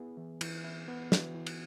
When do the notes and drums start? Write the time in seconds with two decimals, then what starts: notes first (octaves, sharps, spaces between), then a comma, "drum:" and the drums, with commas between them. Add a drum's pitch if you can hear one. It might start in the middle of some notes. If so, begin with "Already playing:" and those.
Already playing: B3 E4 G#4
0.17 E3
0.41 E3, drum: cymbal
0.64 E4
0.88 B3
1.12 E3 F#4, drum: snare
1.34 E3
1.47 drum: cymbal